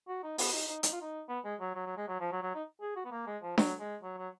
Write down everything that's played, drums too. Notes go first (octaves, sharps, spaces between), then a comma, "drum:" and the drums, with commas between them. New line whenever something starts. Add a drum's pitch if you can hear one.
F#4
D#4
B3, drum: open hi-hat
D#4
D#4
D#4, drum: hi-hat
F4
D#4
B3
G#3
F#3
F#3
F#3
G#3
F#3
F3
F#3
F#3
D#4
G#4
F#4
B3
A#3
G#3
F3
F#3, drum: snare D4
G#3
F#3
F#3